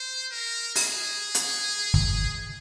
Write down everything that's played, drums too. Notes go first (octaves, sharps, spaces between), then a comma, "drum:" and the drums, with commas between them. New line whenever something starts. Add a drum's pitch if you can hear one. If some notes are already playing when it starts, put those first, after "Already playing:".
Already playing: C5
A#4
G#4, drum: open hi-hat
drum: hi-hat
drum: kick